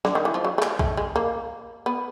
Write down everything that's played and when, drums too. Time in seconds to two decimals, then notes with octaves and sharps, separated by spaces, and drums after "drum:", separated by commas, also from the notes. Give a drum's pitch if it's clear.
0.05 D3, drum: snare
0.15 D#3
0.25 E3
0.34 F3
0.44 F#3
0.58 A3
0.62 G#3, drum: clap
0.79 A3, drum: kick A#1
0.97 G#3
1.16 A#3
1.86 B3